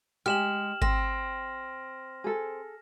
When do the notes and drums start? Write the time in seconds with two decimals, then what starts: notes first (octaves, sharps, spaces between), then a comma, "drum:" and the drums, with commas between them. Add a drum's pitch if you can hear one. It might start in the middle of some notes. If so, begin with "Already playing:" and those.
0.26 G#3 G4 G#5 F6 E7 F#7
0.82 C4 A#6, drum: kick G#1
2.24 G#4 A4